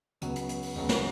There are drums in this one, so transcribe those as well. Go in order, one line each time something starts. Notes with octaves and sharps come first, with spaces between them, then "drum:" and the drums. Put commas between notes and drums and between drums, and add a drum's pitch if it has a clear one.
C#2 C#3 F#3 B3 F#4, drum: hi-hat
drum: hi-hat
drum: hi-hat
drum: open hi-hat
C#2 C#3 F#3 B3 F#4, drum: open hi-hat
drum: snare